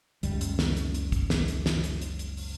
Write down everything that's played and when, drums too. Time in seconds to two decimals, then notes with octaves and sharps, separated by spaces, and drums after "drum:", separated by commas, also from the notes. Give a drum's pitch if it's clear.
0.23 F#1 C#2 G3, drum: hi-hat
0.41 drum: hi-hat
0.59 drum: snare
0.77 drum: hi-hat
0.94 drum: hi-hat
1.12 drum: kick, hi-hat
1.30 drum: snare
1.48 drum: hi-hat
1.66 drum: snare
1.84 drum: hi-hat
2.01 drum: hi-hat
2.19 drum: hi-hat
2.37 drum: open hi-hat